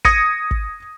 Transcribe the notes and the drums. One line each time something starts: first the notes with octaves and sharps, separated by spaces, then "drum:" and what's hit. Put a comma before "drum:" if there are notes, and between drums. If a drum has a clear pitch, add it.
D#6 G#6 A#6 C#7 D#7, drum: kick
drum: kick